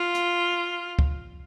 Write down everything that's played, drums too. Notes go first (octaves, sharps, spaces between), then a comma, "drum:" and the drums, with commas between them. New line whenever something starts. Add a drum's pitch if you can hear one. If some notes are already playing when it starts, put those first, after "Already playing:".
Already playing: F4
drum: hi-hat
drum: kick